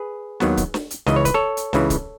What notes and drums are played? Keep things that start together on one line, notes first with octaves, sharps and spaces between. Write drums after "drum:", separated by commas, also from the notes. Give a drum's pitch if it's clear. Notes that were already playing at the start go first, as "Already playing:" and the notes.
Already playing: G#4 B4
D#2 D#3 F#3 B3, drum: snare
drum: kick C#1, hi-hat
drum: snare
drum: hi-hat
C#2 C#3 E3 D#5, drum: snare
C#5
B4, drum: kick C#1, hi-hat
A4 C#5
drum: hi-hat
C#2 C#3 E3, drum: snare
drum: kick C#1, hi-hat